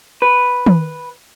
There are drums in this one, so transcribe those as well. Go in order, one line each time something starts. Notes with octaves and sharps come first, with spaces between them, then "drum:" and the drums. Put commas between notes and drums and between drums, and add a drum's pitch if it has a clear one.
B4
drum: tom